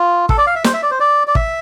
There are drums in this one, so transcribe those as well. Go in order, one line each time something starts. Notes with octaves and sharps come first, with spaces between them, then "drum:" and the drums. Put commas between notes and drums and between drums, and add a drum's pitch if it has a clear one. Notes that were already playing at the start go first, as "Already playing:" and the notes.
Already playing: F4
A4, drum: kick
D5
F5
E5
C5, drum: snare
E5
D5
C5
D5
D5
E5, drum: kick